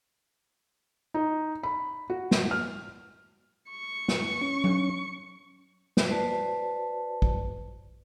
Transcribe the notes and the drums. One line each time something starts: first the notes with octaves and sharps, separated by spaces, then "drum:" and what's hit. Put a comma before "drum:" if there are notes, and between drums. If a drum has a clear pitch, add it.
D#4
B5
F#4
drum: snare
F6
C#6
drum: snare
C#4
drum: tom F#3
drum: snare
F#4 B4 C5 D5 A5
drum: kick